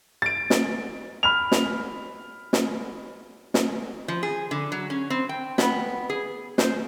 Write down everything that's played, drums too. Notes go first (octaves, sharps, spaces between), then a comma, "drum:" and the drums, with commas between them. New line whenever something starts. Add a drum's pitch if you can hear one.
A6 D7
drum: snare
B5 F6 F7
drum: snare
drum: snare
drum: snare
F3
G#4
D3
F#3
C#4
C4
G5
B3, drum: snare
G#4
C5, drum: snare